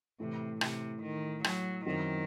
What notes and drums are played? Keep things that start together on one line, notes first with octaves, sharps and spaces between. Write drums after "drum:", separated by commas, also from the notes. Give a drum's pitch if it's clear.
A2 C3 E3 A3
C3, drum: rim click
D#3
F#3, drum: rim click
F#2 D#3 F#3 C4 E4